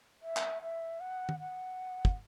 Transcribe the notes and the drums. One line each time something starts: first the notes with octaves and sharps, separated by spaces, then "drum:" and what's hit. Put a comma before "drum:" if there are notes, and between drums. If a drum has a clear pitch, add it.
E5
drum: clap
E5
F#5
drum: tom
F#5
drum: kick